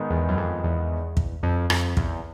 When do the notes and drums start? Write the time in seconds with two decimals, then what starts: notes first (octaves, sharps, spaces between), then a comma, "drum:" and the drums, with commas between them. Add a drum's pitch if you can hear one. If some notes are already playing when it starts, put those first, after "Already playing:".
Already playing: G#2 D#3 G#3 B3 D#4
0.10 E2
0.28 F#2
0.37 F2
0.64 E2
1.17 drum: kick
1.43 F2
1.70 F2, drum: rim click
1.97 E2, drum: kick